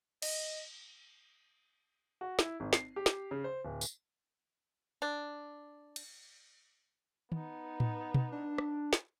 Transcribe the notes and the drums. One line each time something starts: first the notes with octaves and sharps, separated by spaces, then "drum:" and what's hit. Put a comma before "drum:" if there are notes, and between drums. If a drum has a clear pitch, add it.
D#5, drum: cymbal
F#4
E4, drum: snare
G#1
C7, drum: snare
G4
drum: snare
C#3
C5
D1
drum: tambourine
D4
drum: cymbal
B3 D#4, drum: tom
drum: tom A2
drum: tom B2
D4
drum: rim click
drum: snare